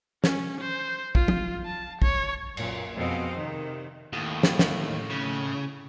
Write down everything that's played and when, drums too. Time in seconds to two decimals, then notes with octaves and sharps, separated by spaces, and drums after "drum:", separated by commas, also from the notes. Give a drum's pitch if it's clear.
0.24 C#4, drum: snare
0.61 C5
1.15 F4, drum: kick
1.28 drum: tom
1.66 A5
2.02 C#5, drum: kick
2.57 F#2 A#2, drum: cymbal
2.95 F2 B2 C4 G#4 D#5 F5
3.36 C3 D#3
4.13 D#2 A2 D#5
4.43 drum: snare
4.59 drum: snare
5.11 C#3